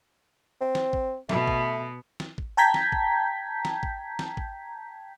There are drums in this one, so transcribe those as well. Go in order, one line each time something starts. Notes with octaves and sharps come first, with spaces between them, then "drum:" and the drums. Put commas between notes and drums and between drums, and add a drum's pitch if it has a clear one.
C4
drum: snare
drum: kick
B2 A3 B3, drum: snare
drum: kick
drum: snare
drum: kick
G5 A5 A#5 G6 G#6 B6
drum: snare
drum: kick
drum: snare
drum: kick
drum: snare
drum: kick